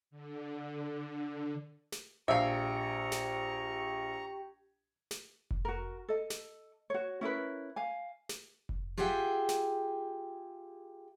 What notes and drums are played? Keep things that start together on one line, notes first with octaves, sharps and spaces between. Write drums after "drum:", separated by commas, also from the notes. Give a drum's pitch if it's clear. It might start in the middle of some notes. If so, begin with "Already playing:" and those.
D3
drum: snare
A#1 G4 E5 F5 A#5 C#6
drum: snare
drum: snare
drum: kick F1
F#4 A#4
A4 D#5
drum: snare
F#4 C#5
C#4 E4 A#4 B4
F5 G#5
drum: snare
drum: kick F1
F4 G4 G#4 E5 F#5 G5
drum: snare